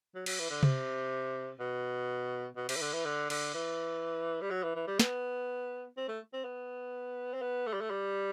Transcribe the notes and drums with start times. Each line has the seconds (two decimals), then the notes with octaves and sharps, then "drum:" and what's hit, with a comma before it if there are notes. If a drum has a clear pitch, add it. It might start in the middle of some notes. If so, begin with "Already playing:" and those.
0.15 F#3
0.26 F#3, drum: cymbal
0.39 E3
0.51 D3
0.63 C3, drum: tom C3
1.60 B2
2.56 B2
2.69 C3, drum: cymbal
2.76 E3
2.81 D3
2.93 E3
3.05 D3
3.30 D3, drum: cymbal
3.54 E3
4.41 G3
4.51 F#3
4.63 E3
4.75 E3
4.87 G3
5.00 B3, drum: snare
5.97 C4
6.08 A3
6.33 C4
6.44 B3
7.34 C4
7.42 B3
7.67 A3
7.73 G3
7.81 A3
7.90 G3